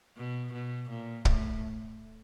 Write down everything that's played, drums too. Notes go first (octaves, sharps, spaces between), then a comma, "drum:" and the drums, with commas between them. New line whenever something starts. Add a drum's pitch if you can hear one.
B2
B2
A#2
A2, drum: kick